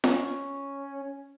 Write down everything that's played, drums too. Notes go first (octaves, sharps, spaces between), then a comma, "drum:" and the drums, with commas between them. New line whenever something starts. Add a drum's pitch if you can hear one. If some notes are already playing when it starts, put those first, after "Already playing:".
C#4, drum: snare F4